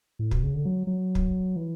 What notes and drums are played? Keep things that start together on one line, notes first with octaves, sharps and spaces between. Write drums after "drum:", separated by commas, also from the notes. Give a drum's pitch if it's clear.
A2
B2, drum: kick
C#3
D3
F#3
F#3
drum: kick
E3